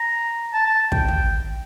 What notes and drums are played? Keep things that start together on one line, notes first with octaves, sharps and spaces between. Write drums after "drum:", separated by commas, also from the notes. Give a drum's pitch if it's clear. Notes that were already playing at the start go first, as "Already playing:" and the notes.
Already playing: A#5
A5
A5
G5, drum: kick
drum: tom